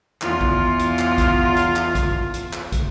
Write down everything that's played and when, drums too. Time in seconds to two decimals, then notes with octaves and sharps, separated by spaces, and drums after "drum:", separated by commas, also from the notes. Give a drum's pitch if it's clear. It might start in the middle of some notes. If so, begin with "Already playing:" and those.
0.21 E2 F4, drum: clap
0.41 drum: kick
0.79 drum: hi-hat
0.99 drum: clap
1.18 drum: kick, hi-hat
1.57 drum: hi-hat
1.76 drum: clap
1.95 drum: kick, hi-hat
2.34 drum: hi-hat
2.53 drum: clap
2.72 drum: kick, hi-hat